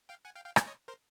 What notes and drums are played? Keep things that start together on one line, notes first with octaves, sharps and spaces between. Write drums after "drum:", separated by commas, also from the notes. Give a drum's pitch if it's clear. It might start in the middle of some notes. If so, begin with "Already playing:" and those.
F5 G5
F#5 G#5
F5 G5
F5 G5
D5 E5, drum: rim click
C#5 D#5
A#4 C5